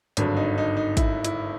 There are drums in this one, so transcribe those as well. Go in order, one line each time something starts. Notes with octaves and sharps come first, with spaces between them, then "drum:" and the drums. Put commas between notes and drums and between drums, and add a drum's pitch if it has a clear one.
G#1 G2 D3 F#3, drum: hi-hat
D#4
D#4
D#4
E4, drum: kick, hi-hat
E4, drum: hi-hat